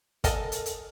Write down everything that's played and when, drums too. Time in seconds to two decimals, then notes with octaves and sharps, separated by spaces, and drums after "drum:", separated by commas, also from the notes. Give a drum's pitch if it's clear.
0.24 A4 A#4 D#5 G#5 A5, drum: kick, hi-hat
0.52 drum: hi-hat
0.66 drum: hi-hat